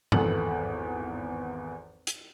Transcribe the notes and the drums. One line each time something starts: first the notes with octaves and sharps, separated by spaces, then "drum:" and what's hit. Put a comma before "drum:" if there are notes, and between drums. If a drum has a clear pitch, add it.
G#1 E2 B3 A4 F#7, drum: tom G2
drum: hi-hat